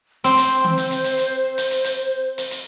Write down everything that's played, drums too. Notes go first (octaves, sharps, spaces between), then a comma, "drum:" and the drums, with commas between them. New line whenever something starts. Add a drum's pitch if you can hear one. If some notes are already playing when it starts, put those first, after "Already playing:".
C4 C5, drum: hi-hat
drum: hi-hat
drum: tom D#3
drum: hi-hat
drum: hi-hat
drum: hi-hat
drum: hi-hat
drum: hi-hat
drum: hi-hat
drum: hi-hat
drum: hi-hat
drum: hi-hat